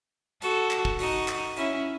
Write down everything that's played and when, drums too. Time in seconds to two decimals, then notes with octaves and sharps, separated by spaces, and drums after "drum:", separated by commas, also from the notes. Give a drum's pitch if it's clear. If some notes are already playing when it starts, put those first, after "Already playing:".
0.42 F#4 A4, drum: hi-hat
0.71 drum: clap
0.85 drum: kick
0.99 D#4 F#4, drum: open hi-hat
1.28 drum: clap
1.56 C#4 E4, drum: hi-hat